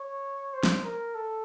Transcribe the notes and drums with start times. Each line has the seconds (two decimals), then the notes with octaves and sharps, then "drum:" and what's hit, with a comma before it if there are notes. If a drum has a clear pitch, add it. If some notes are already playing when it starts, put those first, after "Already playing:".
Already playing: C#5
0.54 C5
0.63 drum: snare
0.84 A#4
1.15 A4